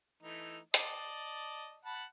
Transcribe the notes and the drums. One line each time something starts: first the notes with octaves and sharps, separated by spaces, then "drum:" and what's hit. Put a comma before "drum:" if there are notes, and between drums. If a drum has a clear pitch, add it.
E3 A3 D#4
D5 D#5 A5, drum: hi-hat
F#5 A5 B5